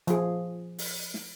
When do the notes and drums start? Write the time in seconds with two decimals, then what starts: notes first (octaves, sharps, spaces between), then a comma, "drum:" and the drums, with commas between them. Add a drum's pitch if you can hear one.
0.07 F3 G#4, drum: hi-hat
0.79 drum: open hi-hat
1.14 drum: snare